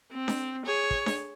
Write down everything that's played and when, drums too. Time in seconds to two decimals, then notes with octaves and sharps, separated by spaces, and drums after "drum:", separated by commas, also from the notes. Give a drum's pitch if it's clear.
0.12 C4
0.28 drum: snare D4
0.66 G#4 C#5
0.91 drum: kick
1.06 drum: snare D4